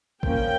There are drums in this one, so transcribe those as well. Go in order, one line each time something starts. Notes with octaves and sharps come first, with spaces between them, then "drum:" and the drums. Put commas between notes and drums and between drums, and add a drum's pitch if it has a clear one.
F3 A#3 C#4 G5, drum: kick